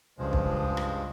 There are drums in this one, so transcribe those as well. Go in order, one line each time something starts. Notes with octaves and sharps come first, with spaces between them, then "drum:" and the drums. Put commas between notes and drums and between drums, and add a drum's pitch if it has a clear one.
C#2 G2 F3 G#3
drum: kick
drum: rim click